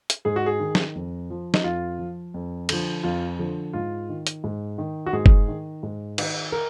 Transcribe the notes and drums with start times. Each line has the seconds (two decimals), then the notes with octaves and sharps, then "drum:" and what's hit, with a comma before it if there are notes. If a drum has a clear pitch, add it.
0.10 drum: hi-hat
0.25 G#2 G#4
0.36 F#4
0.46 G#4
0.60 D#3
0.75 drum: snare
0.95 F2
1.30 F3
1.54 D#4, drum: snare
1.64 F2 F4
1.99 F3
2.34 F2
2.69 D3 F3, drum: cymbal
3.04 F2 F4
3.39 D3 F3
3.73 G#2 F4
4.09 D#3
4.27 drum: hi-hat
4.44 G#2
4.78 D#3
5.06 F#4
5.13 G#2 G#4
5.26 drum: kick F#1
5.48 D#3
5.83 G#2
6.18 D#3, drum: cymbal
6.52 A#4